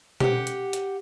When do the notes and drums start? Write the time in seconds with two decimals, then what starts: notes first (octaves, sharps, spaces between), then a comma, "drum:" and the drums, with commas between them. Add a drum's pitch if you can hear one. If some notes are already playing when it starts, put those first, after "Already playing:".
0.20 G4 F#5, drum: tom B2
0.47 drum: hi-hat
0.73 drum: hi-hat